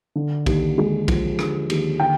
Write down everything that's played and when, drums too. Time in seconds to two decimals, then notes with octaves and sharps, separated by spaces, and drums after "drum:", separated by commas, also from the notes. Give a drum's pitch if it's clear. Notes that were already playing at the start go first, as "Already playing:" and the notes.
0.15 D3
0.46 D#2, drum: kick B1, cymbal
0.78 G#3
1.08 F3, drum: kick B1, cymbal
1.39 D3, drum: rim click
1.70 D#2, drum: cymbal
2.00 D3 G5